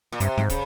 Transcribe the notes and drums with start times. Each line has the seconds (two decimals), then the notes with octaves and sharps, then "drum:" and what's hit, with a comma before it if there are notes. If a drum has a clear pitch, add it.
0.12 A#2
0.20 G2 C3, drum: hi-hat
0.38 G#2, drum: snare
0.50 C#3, drum: kick, hi-hat